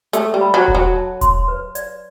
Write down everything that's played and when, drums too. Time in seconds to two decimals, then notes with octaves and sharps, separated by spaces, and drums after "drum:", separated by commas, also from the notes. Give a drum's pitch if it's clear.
0.13 A3 A4, drum: hi-hat
0.34 G3
0.41 B5
0.54 F#3
0.68 A4, drum: kick E1
0.75 F#3
0.94 A5
1.21 C6, drum: kick E1, hi-hat
1.48 B4
1.75 D5, drum: hi-hat